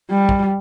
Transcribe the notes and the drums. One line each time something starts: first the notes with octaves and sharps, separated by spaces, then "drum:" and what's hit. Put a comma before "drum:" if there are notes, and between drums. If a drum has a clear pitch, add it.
G3
drum: kick